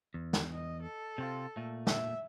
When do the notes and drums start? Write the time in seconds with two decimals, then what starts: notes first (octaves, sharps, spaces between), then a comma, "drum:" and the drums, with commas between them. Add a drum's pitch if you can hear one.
0.14 E2
0.33 drum: snare
0.53 D#5
0.83 A4
1.18 C3 C4 F4
1.57 A#2 A3
1.87 E5, drum: snare